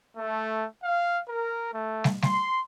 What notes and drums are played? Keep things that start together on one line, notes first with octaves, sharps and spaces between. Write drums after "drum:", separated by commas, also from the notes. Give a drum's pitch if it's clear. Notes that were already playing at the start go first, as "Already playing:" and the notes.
A3
F5
A#4
A3
drum: snare
C6, drum: snare